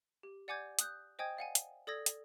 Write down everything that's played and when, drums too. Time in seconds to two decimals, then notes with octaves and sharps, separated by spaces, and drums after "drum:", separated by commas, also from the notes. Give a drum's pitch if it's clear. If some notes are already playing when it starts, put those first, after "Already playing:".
0.23 G4
0.48 D5 F#5 G#5 D6 G6 G#6
0.79 D#6 F#6 G6, drum: hi-hat
1.19 C5 D#5 G5 G#5 D#6 G#6
1.37 D5 F5 F#5 G#5
1.55 drum: hi-hat
1.87 A4 D5 D#6 E6 G#6 A#6
2.06 drum: hi-hat